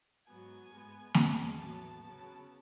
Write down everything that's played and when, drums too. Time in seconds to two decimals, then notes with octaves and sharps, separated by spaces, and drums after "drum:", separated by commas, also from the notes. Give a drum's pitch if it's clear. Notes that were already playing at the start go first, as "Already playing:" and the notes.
0.27 G#2 F#3 B3 G#5
0.71 G#2 G#3 B3
1.14 E2 C#3 G#3 B3 A5, drum: snare
1.59 A2 F#3 B3
2.03 C#3 F#3 B3